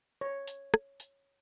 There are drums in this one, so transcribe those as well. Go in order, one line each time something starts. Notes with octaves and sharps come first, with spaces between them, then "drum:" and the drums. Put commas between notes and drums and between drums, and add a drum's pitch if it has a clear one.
C#5
drum: hi-hat
drum: rim click
drum: hi-hat